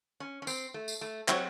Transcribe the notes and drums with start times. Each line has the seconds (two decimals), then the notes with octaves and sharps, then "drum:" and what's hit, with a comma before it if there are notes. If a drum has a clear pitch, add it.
0.20 C#4
0.42 C#4
0.47 C4, drum: tambourine
0.74 A3
0.88 drum: tambourine
1.01 A3
1.28 F#3 C4 F#4 C#5, drum: clap